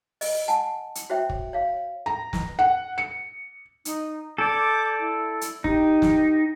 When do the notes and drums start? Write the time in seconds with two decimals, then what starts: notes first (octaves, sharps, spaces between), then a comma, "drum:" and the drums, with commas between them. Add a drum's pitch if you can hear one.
0.21 D#5, drum: open hi-hat
0.48 F#5 G#5 A5
0.95 drum: hi-hat
1.10 F#4 C5 C#5 E5 G5
1.29 drum: kick
1.53 C#5 F5
2.06 A#5
2.33 drum: snare
2.59 F#5
2.98 C#7
3.85 D#4, drum: hi-hat
4.38 A4 D5 D6 G6 G#6
4.99 E4
5.41 drum: hi-hat
5.64 D#4 G4, drum: kick
6.02 drum: snare